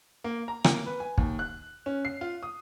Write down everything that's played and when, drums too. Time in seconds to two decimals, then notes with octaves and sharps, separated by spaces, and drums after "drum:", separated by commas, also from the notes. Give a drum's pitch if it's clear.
0.24 A#3
0.48 A#5
0.64 A#3, drum: rim click
0.86 B4
1.00 G#5
1.18 D#2, drum: kick
1.39 F#6
1.86 C#4
2.05 C7
2.21 F4
2.43 D#6